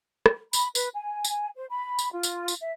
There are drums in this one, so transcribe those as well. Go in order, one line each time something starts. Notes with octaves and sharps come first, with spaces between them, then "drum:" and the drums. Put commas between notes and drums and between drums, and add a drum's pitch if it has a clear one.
drum: rim click
B5, drum: tambourine
B4, drum: tambourine
G#5
drum: tambourine
C5
B5
drum: tambourine
F4
drum: tambourine
drum: tambourine
E5